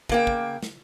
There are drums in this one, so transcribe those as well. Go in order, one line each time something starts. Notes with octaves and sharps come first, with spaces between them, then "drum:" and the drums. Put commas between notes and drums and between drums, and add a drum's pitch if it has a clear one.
C#3 A#3 G5, drum: kick
drum: kick
drum: snare